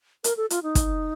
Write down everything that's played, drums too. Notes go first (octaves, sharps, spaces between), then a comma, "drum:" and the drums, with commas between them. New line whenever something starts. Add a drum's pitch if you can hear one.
A#4, drum: hi-hat
A4
F4, drum: hi-hat
D#4
drum: kick, hi-hat